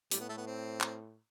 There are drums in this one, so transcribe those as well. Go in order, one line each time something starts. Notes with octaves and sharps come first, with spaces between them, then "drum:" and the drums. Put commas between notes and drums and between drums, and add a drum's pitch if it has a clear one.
A2 G3, drum: hi-hat
B3
A3
B3
C4
drum: clap